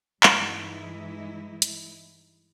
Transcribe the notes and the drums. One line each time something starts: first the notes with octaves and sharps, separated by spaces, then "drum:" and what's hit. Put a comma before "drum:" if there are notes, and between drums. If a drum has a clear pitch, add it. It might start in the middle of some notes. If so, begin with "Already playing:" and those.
G2 E3 G#3 D#4 E4, drum: clap
drum: hi-hat